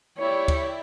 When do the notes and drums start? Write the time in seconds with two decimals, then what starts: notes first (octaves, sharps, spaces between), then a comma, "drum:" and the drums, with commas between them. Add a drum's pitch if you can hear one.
0.18 E4 G4 C#5 D5 G5
0.48 drum: kick, cymbal